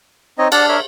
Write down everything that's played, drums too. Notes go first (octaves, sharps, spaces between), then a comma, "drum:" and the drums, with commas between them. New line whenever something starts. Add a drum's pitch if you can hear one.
C4 D#4 C#5 D#5
D4 D5 F#5 A5 F6, drum: cymbal
A#4 C#5 E5